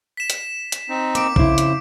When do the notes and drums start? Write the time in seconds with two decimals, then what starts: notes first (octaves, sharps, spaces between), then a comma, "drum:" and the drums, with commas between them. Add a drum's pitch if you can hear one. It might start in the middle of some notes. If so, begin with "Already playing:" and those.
0.17 B6 E7
0.30 drum: hi-hat
0.72 drum: hi-hat
0.89 C4 D#4
1.15 A#3 D6 D7, drum: hi-hat
1.36 F2 C#3 E4 C5, drum: kick
1.58 drum: hi-hat